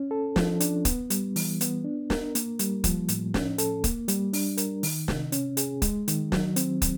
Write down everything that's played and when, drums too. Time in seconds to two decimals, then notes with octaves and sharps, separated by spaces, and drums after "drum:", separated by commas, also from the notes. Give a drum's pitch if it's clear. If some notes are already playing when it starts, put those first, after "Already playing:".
Already playing: C#4
0.11 A4
0.36 F3, drum: snare
0.60 D4, drum: hi-hat
0.85 B3, drum: kick, hi-hat
1.10 G3, drum: hi-hat
1.36 E3, drum: open hi-hat
1.61 B3, drum: hi-hat
1.85 D4
2.10 A#4, drum: snare
2.35 A#3, drum: hi-hat
2.59 G3, drum: hi-hat
2.84 F3, drum: kick, hi-hat
3.08 A2, drum: hi-hat
3.34 C#4, drum: snare
3.58 A4, drum: hi-hat
3.84 A#3, drum: kick, hi-hat
4.08 G3, drum: hi-hat
4.33 D4, drum: open hi-hat
4.57 A#4, drum: hi-hat
4.83 D#3, drum: open hi-hat
5.08 C3, drum: snare
5.32 C#4, drum: hi-hat
5.57 G#4, drum: hi-hat
5.82 G#3, drum: kick, hi-hat
6.08 D#3, drum: hi-hat
6.32 F#3, drum: snare
6.56 C4, drum: hi-hat
6.82 drum: kick, hi-hat